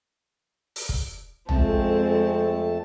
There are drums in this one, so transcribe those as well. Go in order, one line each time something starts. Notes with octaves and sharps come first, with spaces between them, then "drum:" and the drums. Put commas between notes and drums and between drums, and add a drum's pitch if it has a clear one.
drum: open hi-hat
drum: kick
F2 G#3 A3 C4 A5, drum: tom A#1